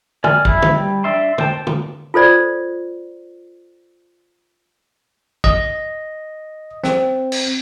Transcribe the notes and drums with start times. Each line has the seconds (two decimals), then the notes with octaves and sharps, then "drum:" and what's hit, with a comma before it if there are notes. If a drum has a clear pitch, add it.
0.24 D5 G#5 F6, drum: tom
0.45 E4, drum: kick
0.62 drum: tom
0.73 G3
1.04 D4 D5 E5 C6
1.38 C5 G5 A5, drum: tom
1.67 drum: tom
2.14 F4 A4 C5 D5
5.44 D#5, drum: kick
6.84 C4, drum: snare
7.32 drum: cymbal